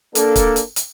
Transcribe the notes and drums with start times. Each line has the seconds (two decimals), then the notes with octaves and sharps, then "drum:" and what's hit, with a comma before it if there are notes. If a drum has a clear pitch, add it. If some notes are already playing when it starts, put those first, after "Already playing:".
0.15 A#3 D4 A4, drum: hi-hat
0.36 drum: kick, hi-hat
0.56 drum: hi-hat
0.76 drum: hi-hat